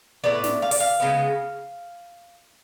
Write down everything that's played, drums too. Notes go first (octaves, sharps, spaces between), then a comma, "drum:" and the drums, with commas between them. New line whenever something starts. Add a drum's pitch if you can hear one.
A2 F#3 B3 D5
drum: snare
F5
D5, drum: open hi-hat
F5
C#3 G#3 B3